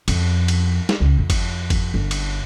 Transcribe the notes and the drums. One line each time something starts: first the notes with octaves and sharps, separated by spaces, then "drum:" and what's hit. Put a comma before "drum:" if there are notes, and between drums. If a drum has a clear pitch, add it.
F2, drum: cymbal
drum: cymbal
drum: snare
C#2
F2
drum: kick, cymbal
drum: kick, cymbal
G1
drum: cymbal